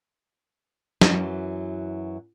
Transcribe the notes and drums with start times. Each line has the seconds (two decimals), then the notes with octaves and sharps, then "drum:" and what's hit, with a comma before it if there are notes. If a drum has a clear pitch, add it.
1.01 F#2 E3 F#3 E4, drum: snare